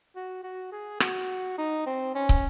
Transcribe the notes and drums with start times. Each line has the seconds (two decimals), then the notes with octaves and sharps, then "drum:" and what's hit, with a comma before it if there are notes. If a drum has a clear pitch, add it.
0.16 F#4
0.43 F#4
0.72 G#4
1.00 F#4, drum: rim click
1.58 D#4
1.86 C4
2.15 C#4
2.29 drum: kick